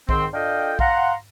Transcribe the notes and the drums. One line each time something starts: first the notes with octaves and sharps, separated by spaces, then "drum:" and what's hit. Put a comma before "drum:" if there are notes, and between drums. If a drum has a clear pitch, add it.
G#2 D#3 C4 C6, drum: kick B1
D4 F4 A4 D#5 F5 G5
F5 F#5 A#5 C6, drum: kick B1